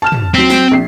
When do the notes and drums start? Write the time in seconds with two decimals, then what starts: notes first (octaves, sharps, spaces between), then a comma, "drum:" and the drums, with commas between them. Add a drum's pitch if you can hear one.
0.02 A5 F6 E7
0.12 drum: tom
0.34 F#3 C4 B6
0.50 drum: snare
0.71 A#1 C7